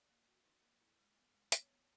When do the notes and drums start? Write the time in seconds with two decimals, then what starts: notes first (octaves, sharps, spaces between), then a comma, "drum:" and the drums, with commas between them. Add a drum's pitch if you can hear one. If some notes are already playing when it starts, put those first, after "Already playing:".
Already playing: D5
0.09 A#3
0.26 F#4
0.44 D#4
0.63 A#3
0.80 E4
0.99 G#3
1.16 B3
1.34 G#3
1.52 B3, drum: hi-hat
1.61 C#5
1.70 B3